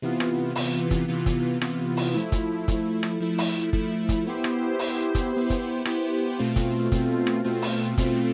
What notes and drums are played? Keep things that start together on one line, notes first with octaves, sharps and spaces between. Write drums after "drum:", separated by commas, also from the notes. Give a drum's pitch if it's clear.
C3 E3 B3 F4
drum: rim click
C3 E3 B3 F4, drum: open hi-hat
drum: kick, hi-hat
C3 E3 B3 F4
drum: kick, hi-hat
C3 E3 B3 F4, drum: rim click
drum: open hi-hat
F3 A3 E4
drum: kick, hi-hat
F3 A3 E4, drum: kick, hi-hat
drum: rim click
F3 A3 E4
drum: open hi-hat
F3 A3 E4, drum: kick
drum: kick, hi-hat
B3 E4 G4 C5
drum: rim click
B3 E4 G4 C5, drum: open hi-hat
drum: kick, hi-hat
B3 E4 G4 C5
drum: kick, hi-hat
B3 E4 G4 C5, drum: rim click
B2 A3 C4 F4
drum: kick, hi-hat
B2 A3 C4 F4, drum: kick, hi-hat
drum: rim click
B2 A3 C4 F4
drum: open hi-hat
B2 A3 C4 F4, drum: kick, hi-hat